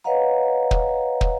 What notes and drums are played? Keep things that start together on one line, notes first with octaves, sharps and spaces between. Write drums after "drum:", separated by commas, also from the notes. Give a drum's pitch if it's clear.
B4 C#5 D#5 F5 F#5 A#5
drum: kick
drum: kick